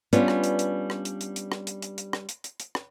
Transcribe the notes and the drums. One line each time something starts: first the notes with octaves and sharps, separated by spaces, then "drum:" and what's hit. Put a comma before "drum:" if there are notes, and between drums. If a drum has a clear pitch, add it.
G3 B3 C#4 D4 F4, drum: hi-hat
drum: rim click
drum: hi-hat
drum: hi-hat
drum: rim click
drum: hi-hat
drum: hi-hat
drum: hi-hat
drum: rim click
drum: hi-hat
drum: hi-hat
drum: hi-hat
drum: rim click
drum: hi-hat
drum: hi-hat
drum: hi-hat
drum: rim click